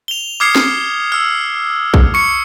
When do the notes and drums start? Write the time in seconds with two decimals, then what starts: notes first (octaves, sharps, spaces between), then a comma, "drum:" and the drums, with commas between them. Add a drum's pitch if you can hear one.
0.08 F7 G7
0.40 D6 D#6 F6 G#6 C7 C#7
0.55 drum: snare
1.12 E6 F6
1.94 drum: kick A#1
2.14 C#6 C#7